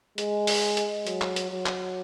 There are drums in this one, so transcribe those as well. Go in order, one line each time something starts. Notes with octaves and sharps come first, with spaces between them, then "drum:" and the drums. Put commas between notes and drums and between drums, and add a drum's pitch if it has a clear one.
G#3, drum: hi-hat
drum: open hi-hat
drum: hi-hat
F#3, drum: hi-hat
drum: clap
drum: hi-hat
F#3
drum: clap